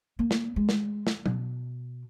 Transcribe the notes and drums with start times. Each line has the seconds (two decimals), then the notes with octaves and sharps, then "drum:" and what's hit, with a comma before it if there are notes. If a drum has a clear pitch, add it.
0.19 A#3
0.31 drum: snare
0.56 G#3
0.69 drum: snare
1.07 drum: snare
1.26 B2, drum: tom F#3